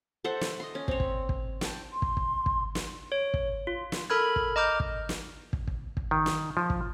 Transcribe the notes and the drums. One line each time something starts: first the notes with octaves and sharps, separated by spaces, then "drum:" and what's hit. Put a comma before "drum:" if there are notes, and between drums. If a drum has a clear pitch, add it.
A4 C5 E5 F#5
drum: snare
D#5 C6
C#4
C4 C#5, drum: kick
drum: kick
drum: kick
G5 A5, drum: snare
C6
drum: kick
drum: kick
drum: kick
drum: snare
C#5
drum: kick
F4
drum: snare
A4 A#4 B5 F6 G#6
drum: kick
D#5 A#5 D6 F6 G6
drum: kick
drum: snare
drum: kick
drum: kick
drum: kick
D#3
drum: snare
F3
drum: kick